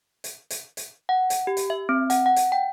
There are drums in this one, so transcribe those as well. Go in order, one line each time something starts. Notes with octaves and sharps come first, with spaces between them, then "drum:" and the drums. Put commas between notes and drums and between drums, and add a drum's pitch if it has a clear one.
drum: hi-hat
drum: hi-hat
drum: hi-hat
F#5
drum: hi-hat
G4
drum: hi-hat
E5
C4
F#5, drum: hi-hat
F#5
drum: hi-hat
G5